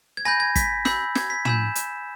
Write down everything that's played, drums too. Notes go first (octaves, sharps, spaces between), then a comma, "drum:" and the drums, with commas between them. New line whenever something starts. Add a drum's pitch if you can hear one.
G#6
G#5 B5 G6 A#6
G#6
B6, drum: kick, hi-hat
B5 E6 G6, drum: snare
G#6, drum: snare
B6
G#5 B5 E6 G6 E7, drum: tom
drum: hi-hat